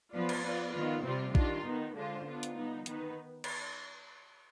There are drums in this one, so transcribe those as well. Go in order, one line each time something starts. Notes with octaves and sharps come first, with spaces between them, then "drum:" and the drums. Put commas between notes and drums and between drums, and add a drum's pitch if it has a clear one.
F3 B3 F4 B4 D5
drum: cymbal
B3 F4 B4 D5
D#3 B3 F4
C3 G3 C4 F4
D#3 G3 D4 F4, drum: kick
D#3 B3 D#4
D3 G#3 D4 F4 C5
B3 D4 F4
drum: hi-hat
G3 B3 D#4
D#3 B3 D#4 B4, drum: hi-hat
drum: cymbal